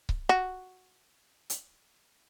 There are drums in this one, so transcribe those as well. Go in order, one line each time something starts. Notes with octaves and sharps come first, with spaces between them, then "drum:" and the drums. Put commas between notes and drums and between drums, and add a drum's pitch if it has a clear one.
drum: kick C#1
F#4
drum: hi-hat